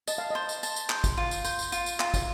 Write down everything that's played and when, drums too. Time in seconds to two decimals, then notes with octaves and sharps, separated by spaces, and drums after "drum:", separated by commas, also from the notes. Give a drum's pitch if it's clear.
0.07 D#5 A5, drum: tambourine
0.18 F5
0.30 C5 D#5
0.49 drum: tambourine
0.63 A5, drum: tambourine
0.76 drum: tambourine
0.90 C5, drum: clap
1.04 drum: kick, tambourine
1.17 F4
1.31 drum: tambourine
1.44 C5, drum: tambourine
1.59 drum: tambourine
1.72 F4, drum: tambourine
1.86 drum: tambourine
2.00 F4, drum: clap
2.14 drum: kick, tambourine